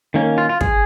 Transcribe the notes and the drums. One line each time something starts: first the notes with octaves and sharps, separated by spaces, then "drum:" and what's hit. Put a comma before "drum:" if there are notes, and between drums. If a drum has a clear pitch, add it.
D#3 A#3 C#4
F4
F4
G#4, drum: kick